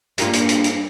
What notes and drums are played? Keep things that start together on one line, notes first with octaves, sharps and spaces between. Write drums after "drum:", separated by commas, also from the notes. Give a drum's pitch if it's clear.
G2 A#3 F4, drum: hi-hat
drum: hi-hat
drum: hi-hat
drum: hi-hat